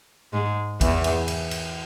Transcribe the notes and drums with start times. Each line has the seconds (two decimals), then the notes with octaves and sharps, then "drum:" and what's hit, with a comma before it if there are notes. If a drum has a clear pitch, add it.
0.33 G#2 G#3
0.81 E2 E3, drum: kick A1, cymbal
1.04 drum: cymbal
1.28 drum: cymbal
1.51 drum: cymbal